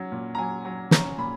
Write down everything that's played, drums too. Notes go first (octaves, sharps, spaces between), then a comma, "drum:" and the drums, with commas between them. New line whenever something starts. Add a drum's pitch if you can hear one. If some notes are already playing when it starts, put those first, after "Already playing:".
Already playing: F#3 C#4
A#2
A#5
F#3 G#5
F#3
C#4 A#5, drum: snare
A#2 B5